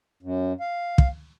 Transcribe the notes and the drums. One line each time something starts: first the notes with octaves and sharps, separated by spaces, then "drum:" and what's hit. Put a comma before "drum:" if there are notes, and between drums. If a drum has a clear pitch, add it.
F#2
F5
drum: kick